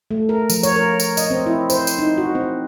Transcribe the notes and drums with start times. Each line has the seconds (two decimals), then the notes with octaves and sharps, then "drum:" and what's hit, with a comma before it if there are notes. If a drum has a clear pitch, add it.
0.11 A3
0.29 A#4
0.50 F3, drum: tambourine
0.63 C#5, drum: tambourine
0.76 A#4
1.00 drum: tambourine
1.17 D#5, drum: tambourine
1.31 C4
1.46 E4
1.70 C5, drum: tambourine
1.87 drum: tambourine
1.99 D#4
2.18 F#4
2.35 C4